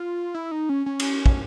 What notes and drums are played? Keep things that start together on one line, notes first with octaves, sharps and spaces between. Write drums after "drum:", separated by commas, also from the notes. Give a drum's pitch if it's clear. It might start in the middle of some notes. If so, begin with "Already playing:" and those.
Already playing: F4
E4
D#4
C#4
C#4
drum: cymbal
drum: kick